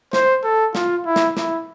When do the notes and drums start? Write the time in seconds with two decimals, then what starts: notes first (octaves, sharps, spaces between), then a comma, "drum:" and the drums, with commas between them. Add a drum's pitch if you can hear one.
0.13 C5, drum: snare
0.44 A4
0.75 F4, drum: snare
1.06 E4
1.16 drum: snare
1.37 E4, drum: snare